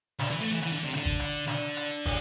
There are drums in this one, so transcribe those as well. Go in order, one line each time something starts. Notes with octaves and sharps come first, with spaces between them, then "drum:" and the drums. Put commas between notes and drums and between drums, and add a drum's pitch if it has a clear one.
D3, drum: snare
E3
A3
E3
E3, drum: hi-hat
D3
C3
D3, drum: hi-hat
drum: kick
drum: hi-hat
D3, drum: snare
drum: hi-hat
drum: kick, open hi-hat